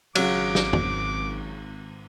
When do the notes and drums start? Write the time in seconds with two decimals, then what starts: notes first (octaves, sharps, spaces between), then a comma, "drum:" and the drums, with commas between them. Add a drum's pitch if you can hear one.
0.15 G#1 C#3 F#3 D6, drum: cymbal
0.55 drum: snare
0.73 drum: tom F2